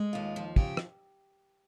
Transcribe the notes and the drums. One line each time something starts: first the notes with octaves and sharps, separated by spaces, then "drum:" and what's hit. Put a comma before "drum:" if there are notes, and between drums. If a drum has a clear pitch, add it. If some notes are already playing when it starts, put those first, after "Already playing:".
Already playing: G#3
D#2 F4
F3
C#3 G4, drum: kick
drum: rim click